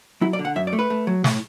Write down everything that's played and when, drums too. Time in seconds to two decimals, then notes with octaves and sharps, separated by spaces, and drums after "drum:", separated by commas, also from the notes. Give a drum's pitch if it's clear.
0.21 F#3 E4
0.33 D5
0.39 D3
0.45 F#5
0.56 F#2 E5
0.67 D5
0.73 A3
0.79 B4
0.90 A3
1.07 F#3
1.24 A2, drum: snare